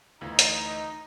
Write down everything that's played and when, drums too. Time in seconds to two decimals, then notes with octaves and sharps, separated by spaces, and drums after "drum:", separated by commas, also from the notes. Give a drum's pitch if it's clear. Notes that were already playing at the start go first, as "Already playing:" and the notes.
0.21 D2 E3 D#4 F4
0.39 drum: hi-hat